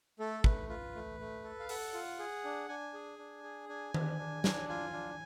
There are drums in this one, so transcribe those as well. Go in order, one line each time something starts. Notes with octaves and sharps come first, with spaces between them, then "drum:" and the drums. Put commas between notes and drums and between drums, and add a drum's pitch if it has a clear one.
A3 A4
A3 B4, drum: kick
F4 B4
A3
A3
A4
F5
A4 F#5, drum: open hi-hat
F4
G#4
D4
D4 G#5
G#4
D4
G#4
D4 G#5
D4, drum: tom D#3
D4
D4, drum: snare
F4 G#5
D4